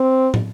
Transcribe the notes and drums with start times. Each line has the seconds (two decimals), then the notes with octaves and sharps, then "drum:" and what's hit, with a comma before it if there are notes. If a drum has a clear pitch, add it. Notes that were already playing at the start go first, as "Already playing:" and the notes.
Already playing: C4
0.34 drum: tom